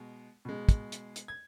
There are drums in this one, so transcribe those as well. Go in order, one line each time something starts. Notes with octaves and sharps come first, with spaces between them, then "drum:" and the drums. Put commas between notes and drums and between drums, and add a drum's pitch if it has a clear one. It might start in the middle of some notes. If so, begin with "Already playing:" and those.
Already playing: B2 G#3
B2 G#3
drum: kick, hi-hat
drum: hi-hat
drum: hi-hat
G#6